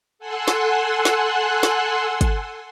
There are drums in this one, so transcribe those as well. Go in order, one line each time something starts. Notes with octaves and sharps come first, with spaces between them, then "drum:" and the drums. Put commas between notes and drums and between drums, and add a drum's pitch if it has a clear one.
A4 F#5 G#5 C6 E6 F#6
drum: snare
drum: snare
drum: snare
drum: kick, hi-hat